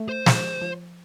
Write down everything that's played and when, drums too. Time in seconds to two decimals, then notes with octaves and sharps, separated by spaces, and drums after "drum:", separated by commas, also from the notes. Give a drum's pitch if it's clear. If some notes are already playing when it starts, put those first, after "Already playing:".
Already playing: A3
0.09 C5
0.26 F3, drum: snare
0.62 F3